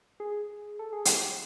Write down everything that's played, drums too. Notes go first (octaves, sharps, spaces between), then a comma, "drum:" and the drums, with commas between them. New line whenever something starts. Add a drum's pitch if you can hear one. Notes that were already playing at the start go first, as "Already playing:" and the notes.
G#4
A4
G#4
G4, drum: hi-hat